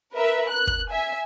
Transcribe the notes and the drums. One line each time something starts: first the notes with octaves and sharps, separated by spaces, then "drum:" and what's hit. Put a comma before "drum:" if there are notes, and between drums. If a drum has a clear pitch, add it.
A#4 B4 E5
F#6
drum: kick
E5 G#5